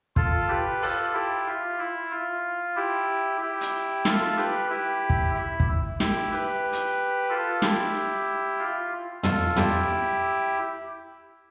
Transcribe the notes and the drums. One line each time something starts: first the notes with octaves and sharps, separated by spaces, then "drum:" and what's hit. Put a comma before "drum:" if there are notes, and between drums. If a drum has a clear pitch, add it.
F4 A4, drum: kick
G4 B4
F4 A4, drum: open hi-hat
E4 G4
F4
E4
F4
E4 G4
E4 G4
drum: hi-hat
F4 A4, drum: snare
G4 B4
E4 G4
drum: kick
E4
drum: kick
E4 G4, drum: snare
G4 B4
drum: hi-hat
F4 A4
E4 G4, drum: snare
F4
F4 A4, drum: tom
E4 G4, drum: tom